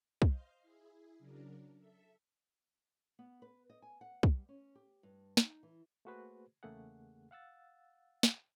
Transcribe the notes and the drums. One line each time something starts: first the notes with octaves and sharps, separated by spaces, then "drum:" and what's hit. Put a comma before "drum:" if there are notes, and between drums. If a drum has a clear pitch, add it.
C5 D#5 F5 C6, drum: kick
E4 G#4
C#3 F#3 D4 A#4
A4 E5
B3
B4
D#5
G#5
F#5
G3, drum: kick
C#4
G4
G2
D#4, drum: snare
E3
A3 A#3 F#4 G#4 B4 C5
E2 C#3 A3 A#3 G#4 F#5
F5 F#5 E6 A6
drum: snare